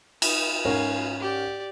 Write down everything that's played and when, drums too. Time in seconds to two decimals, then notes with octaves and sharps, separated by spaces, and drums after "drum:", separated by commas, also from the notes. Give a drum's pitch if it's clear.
0.22 D#4, drum: cymbal
0.65 G#2 C#4 A#4 F5 G#5
1.20 G4 D5